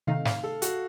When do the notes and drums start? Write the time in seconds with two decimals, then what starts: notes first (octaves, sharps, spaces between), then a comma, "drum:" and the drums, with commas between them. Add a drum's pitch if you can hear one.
0.07 C3 D#3 A3 D#4 F5
0.25 F5, drum: snare
0.44 A4
0.62 F#4, drum: hi-hat